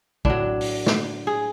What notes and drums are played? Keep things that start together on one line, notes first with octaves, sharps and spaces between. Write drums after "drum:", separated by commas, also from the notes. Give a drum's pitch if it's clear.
A2 F#3 D4, drum: kick
drum: open hi-hat
drum: snare
G#4